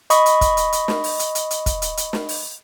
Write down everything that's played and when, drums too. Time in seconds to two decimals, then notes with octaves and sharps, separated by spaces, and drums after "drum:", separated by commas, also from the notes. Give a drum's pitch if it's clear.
0.10 D#5 B5 C#6 D#6, drum: hi-hat
0.26 drum: hi-hat
0.41 drum: kick, hi-hat
0.57 drum: hi-hat
0.73 drum: hi-hat
0.88 drum: snare
1.04 drum: open hi-hat
1.19 drum: hi-hat
1.35 drum: hi-hat
1.51 drum: hi-hat
1.66 drum: kick, hi-hat
1.82 drum: hi-hat
1.97 drum: hi-hat
2.13 drum: snare
2.29 drum: open hi-hat